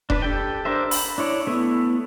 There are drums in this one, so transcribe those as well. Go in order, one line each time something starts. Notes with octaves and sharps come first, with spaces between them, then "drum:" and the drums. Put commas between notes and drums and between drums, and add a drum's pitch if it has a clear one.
D4 B4, drum: kick E1
G4 A4 G5
D4 A#4 C5 E5
B5, drum: open hi-hat
D4 E4 C#5 D5
A3 B3 E4